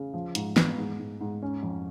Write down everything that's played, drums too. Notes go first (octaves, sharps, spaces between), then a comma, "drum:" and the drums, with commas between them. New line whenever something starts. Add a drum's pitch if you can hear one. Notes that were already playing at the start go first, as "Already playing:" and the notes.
Already playing: C#3
F3
G#2, drum: hi-hat
B3, drum: snare
G#2
G#2
G#2
C#4
F2